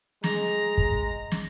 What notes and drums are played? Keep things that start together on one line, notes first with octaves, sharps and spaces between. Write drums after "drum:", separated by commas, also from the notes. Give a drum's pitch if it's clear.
G#3 A#5, drum: snare
drum: kick
drum: snare